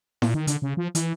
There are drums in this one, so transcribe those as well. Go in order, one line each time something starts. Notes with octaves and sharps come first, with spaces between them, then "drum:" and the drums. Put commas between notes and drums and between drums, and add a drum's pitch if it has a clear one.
A#2, drum: snare E4
D#3
D3, drum: hi-hat
C#3
F3
E3, drum: hi-hat